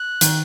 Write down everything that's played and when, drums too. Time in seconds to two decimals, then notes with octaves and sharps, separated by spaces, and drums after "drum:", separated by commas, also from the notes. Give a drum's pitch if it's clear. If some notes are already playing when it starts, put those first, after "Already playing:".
Already playing: F#6
0.21 D#3, drum: hi-hat